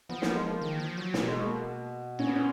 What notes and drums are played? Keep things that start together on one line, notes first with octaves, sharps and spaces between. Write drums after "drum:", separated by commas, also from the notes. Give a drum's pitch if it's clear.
F3 B3
A#3, drum: snare
G#3
A#3
D#3
F3
F#3
B2 A#3, drum: snare
G#3
A#3
A#2 C#4
B3
C#4